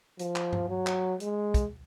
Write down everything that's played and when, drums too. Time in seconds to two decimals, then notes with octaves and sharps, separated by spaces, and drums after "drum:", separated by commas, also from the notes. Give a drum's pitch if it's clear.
0.19 F3, drum: hi-hat
0.36 drum: clap
0.53 drum: tom G2
0.69 F#3
0.87 drum: clap
1.20 G#3, drum: hi-hat
1.54 drum: kick, hi-hat